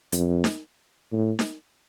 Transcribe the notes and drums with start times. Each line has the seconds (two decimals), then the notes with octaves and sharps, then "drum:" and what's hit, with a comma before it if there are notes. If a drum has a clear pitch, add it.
0.12 F2, drum: hi-hat
0.44 drum: snare D#4
1.12 A2
1.39 drum: snare D#4